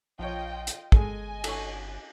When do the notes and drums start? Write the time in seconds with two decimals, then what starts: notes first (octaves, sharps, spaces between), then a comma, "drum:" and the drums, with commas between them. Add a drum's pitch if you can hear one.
0.19 A#1 F3 F4 C#5 D#5 G5
0.67 drum: hi-hat
0.92 G1 G#3 A4 D#5 G#5, drum: kick
1.44 A4 C#5 C#6, drum: cymbal